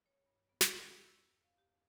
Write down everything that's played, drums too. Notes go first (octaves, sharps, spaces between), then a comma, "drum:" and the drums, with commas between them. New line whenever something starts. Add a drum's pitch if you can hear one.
C#5
G2
B3
B3, drum: snare
E2
E6
F5
G4